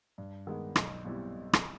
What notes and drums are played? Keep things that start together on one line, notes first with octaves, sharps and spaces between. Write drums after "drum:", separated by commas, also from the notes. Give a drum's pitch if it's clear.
G2
D#3 G#3 B3
B1, drum: rim click
B2 G3 C4 E4
drum: rim click